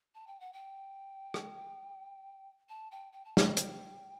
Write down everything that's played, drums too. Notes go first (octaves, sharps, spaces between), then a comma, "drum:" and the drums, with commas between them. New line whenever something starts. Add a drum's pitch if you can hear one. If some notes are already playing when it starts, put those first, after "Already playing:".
A5
G5
F#5
G5
drum: rim click
A5
G5
G5
A5
G5, drum: snare
drum: hi-hat